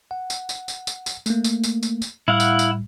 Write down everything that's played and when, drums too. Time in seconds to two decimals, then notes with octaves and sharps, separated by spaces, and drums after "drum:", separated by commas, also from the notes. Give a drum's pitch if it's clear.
0.11 F#5
0.30 drum: tambourine
0.49 drum: tambourine
0.68 drum: tambourine
0.87 drum: tambourine
1.06 drum: tambourine
1.26 A3 A#3, drum: tambourine
1.44 drum: tambourine
1.64 drum: tambourine
1.83 drum: tambourine
2.02 drum: tambourine
2.28 A2 G3 E4 F5 F#5
2.40 drum: tambourine
2.59 drum: tambourine